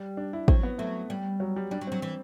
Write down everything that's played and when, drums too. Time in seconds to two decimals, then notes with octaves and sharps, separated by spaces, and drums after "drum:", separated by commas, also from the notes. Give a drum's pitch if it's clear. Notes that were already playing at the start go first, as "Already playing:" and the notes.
Already playing: G3
0.17 D4
0.33 E4
0.48 F#3 C4, drum: kick
0.63 B3
0.78 F#3 A3
1.10 G3
1.40 F#3
1.56 G3
1.71 G3 D4
1.81 F#3
1.87 C4
1.92 F#3
2.02 E3